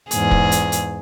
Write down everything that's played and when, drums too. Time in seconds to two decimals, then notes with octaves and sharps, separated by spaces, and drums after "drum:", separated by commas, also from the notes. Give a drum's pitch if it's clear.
0.11 E2 G#2 G#4, drum: hi-hat
0.31 drum: kick
0.52 drum: hi-hat
0.72 drum: hi-hat